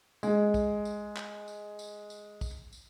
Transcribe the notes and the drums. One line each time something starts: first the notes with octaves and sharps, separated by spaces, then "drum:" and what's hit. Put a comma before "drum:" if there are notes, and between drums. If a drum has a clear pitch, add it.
G#3 G#4, drum: tambourine
drum: kick, tambourine
drum: tambourine
drum: clap
drum: tambourine
drum: tambourine
drum: tambourine
drum: kick, tambourine
drum: tambourine